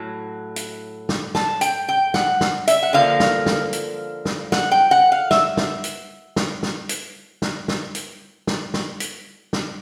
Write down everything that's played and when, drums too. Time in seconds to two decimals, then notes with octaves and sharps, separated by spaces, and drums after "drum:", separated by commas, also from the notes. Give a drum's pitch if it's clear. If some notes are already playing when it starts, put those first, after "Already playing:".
Already playing: A2 F#3
0.56 drum: hi-hat
1.09 drum: snare
1.35 A5, drum: snare
1.61 G5, drum: hi-hat
1.89 G5
2.14 F#5, drum: snare
2.41 drum: snare
2.68 E5, drum: hi-hat
2.83 F#5
2.93 D3 F3 A#3 F5
3.20 drum: snare
3.46 drum: snare
3.73 drum: hi-hat
4.25 drum: snare
4.52 F#5, drum: snare
4.71 G5
4.91 F#5
5.12 F5
5.31 E5, drum: snare
5.57 drum: snare
5.84 drum: hi-hat
6.36 drum: snare
6.63 drum: snare
6.89 drum: hi-hat
7.42 drum: snare
7.68 drum: snare
7.95 drum: hi-hat
8.47 drum: snare
8.74 drum: snare
9.00 drum: hi-hat
9.53 drum: snare